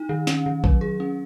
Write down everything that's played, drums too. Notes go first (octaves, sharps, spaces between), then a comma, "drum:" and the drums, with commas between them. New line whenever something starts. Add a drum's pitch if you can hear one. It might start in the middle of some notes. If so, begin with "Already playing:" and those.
Already playing: D#4
D#3
C#4, drum: snare
D#3
F#3, drum: kick A#1
G#4
C#4